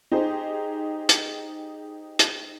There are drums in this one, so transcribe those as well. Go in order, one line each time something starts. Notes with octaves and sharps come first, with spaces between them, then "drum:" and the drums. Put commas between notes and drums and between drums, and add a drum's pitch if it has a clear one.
D#4 G4 G#4 C5
drum: hi-hat
drum: hi-hat